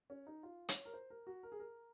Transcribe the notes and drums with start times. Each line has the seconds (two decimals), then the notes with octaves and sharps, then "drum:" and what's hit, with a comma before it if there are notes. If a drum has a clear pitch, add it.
0.10 C#4
0.27 D#4
0.43 F4
0.69 C#5, drum: hi-hat
0.86 A#4
0.94 C5
1.10 A#4
1.27 F#4
1.43 A#4
1.52 G#4
1.60 A#4